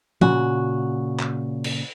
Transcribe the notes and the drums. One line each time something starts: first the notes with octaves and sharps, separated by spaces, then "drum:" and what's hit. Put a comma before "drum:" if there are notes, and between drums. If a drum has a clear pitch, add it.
A#2 C#3 F#4, drum: tom
drum: clap
drum: cymbal